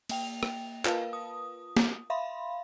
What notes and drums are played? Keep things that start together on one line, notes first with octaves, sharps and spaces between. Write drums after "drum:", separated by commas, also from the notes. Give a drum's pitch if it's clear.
A#3 G5 F7, drum: cymbal
drum: rim click
F4 A#4 B4 F5 A5, drum: clap
D#6
drum: snare
E5 F5 B5 C6